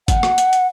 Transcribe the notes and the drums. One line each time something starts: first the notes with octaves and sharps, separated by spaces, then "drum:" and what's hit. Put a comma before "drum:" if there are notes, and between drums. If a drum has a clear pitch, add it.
F#5, drum: kick, hi-hat
drum: rim click
drum: hi-hat
drum: hi-hat